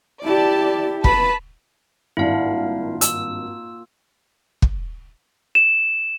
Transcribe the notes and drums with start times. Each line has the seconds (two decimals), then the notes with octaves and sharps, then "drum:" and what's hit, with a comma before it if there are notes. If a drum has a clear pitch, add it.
0.24 E4 G4 D5 A5
1.04 B4 A5 B5, drum: kick
2.17 G#1 G2 A#2 E4 F4 F5 F#5 A5
3.01 E6, drum: hi-hat
4.62 drum: kick
5.55 E7